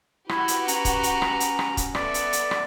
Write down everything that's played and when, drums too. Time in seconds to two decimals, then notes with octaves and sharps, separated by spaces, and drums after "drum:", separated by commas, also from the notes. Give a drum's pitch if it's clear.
0.29 E4 F#4 G4 B4, drum: rim click
0.48 drum: hi-hat
0.68 C#4 A#5, drum: hi-hat
0.85 drum: kick, hi-hat
1.03 drum: hi-hat
1.22 drum: rim click
1.40 drum: hi-hat
1.59 drum: rim click
1.77 drum: kick, hi-hat
1.95 B3 A4 D5 E5, drum: rim click
2.14 drum: hi-hat
2.33 drum: hi-hat
2.51 drum: rim click